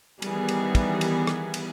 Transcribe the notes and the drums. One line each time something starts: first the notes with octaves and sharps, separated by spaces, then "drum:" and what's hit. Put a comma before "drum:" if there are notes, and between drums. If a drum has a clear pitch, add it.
D#3 E3 G3 B3 G#4, drum: cymbal
drum: cymbal
drum: kick, cymbal
drum: cymbal
drum: rim click
drum: cymbal